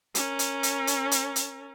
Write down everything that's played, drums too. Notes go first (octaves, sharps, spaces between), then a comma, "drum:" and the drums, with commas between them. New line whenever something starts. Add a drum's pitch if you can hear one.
C#4 A#4, drum: hi-hat
drum: hi-hat
drum: hi-hat
drum: hi-hat
drum: hi-hat
drum: hi-hat